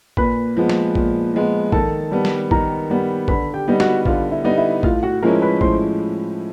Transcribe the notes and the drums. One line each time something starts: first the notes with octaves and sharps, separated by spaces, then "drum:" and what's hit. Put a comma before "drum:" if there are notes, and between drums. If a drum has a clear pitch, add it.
A#2 B4 B5, drum: kick A1
F3 G#3 B3
drum: snare
A#2, drum: kick A1
F3 G#3 B3
D#3 A4 A5, drum: kick A1
G3 B3
drum: snare
D#3 A#4 A#5, drum: kick A1
G3 B3
D3 B4 B5, drum: kick A1
G4 G5
G3 B3 D#4
F#4 F#5, drum: snare
D3 F4 F5, drum: kick A1
E4 E5
G3 B3 D#4
E4 E5
A2 F4 F5, drum: kick A1
F#4 F#5
F3 G#3 C#4 E4 A#4 A#5
B4 B5
A2 C5 C6, drum: kick A1